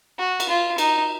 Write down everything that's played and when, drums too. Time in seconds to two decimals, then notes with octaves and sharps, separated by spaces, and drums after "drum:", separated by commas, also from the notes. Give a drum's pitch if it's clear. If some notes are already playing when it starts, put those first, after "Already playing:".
0.19 F#4
0.40 drum: cymbal
0.49 F4
0.78 D#4, drum: cymbal